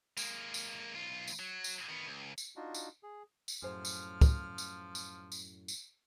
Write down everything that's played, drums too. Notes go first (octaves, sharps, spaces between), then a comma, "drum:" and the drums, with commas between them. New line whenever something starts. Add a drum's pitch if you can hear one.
G#3 A#3, drum: tambourine
drum: tambourine
B1 F4
drum: tambourine
F#3
drum: tambourine
D#3 B3
C#2
drum: tambourine
D4 D#4 F4 F#4
drum: tambourine
G#4
drum: tambourine
F#2 A2 F3 G#4 C5 F6
drum: tambourine
drum: kick, tambourine
drum: tambourine
drum: tambourine
drum: tambourine
drum: tambourine